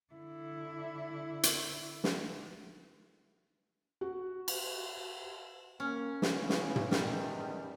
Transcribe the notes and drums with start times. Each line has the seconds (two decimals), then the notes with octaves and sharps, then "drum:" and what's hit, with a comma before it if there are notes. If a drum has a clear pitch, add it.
0.13 D3 E4
1.43 drum: hi-hat
2.04 drum: snare
4.01 F#4
4.48 drum: cymbal
5.80 A#3 C#4
6.22 C#3 E3 B3, drum: snare
6.49 drum: snare
6.76 drum: tom
6.91 E2 G#2 D#3 G3, drum: snare